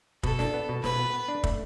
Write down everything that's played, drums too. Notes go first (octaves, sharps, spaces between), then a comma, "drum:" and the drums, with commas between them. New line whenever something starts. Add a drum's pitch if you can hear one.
B2 A4, drum: kick
D4, drum: snare
B3
B2
B2 B4, drum: snare
B3
B3
D4
A3, drum: kick